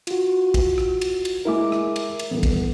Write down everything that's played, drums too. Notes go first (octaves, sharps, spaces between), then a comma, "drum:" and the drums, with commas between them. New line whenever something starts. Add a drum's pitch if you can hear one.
F4 F#4, drum: cymbal
drum: kick, cymbal
drum: rim click
drum: cymbal
drum: cymbal
G#3 E4 A#4 E5 D6
drum: rim click
drum: cymbal
drum: cymbal
D#1 E3 B3
drum: kick, cymbal